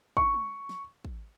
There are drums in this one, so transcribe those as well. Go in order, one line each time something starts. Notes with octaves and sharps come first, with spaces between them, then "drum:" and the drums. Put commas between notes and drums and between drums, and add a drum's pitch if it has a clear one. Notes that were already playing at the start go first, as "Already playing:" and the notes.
C#6, drum: kick
drum: tom G#3
drum: snare
drum: kick